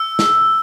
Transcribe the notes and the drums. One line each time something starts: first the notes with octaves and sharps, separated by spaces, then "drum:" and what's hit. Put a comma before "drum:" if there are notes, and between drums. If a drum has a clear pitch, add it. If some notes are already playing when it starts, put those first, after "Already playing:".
Already playing: E6
drum: snare